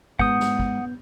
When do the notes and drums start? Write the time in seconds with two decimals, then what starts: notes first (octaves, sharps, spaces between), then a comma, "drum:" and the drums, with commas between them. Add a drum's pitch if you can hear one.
0.19 G#2 B3 F#5 D#6 G6, drum: kick
0.39 drum: snare
0.60 drum: kick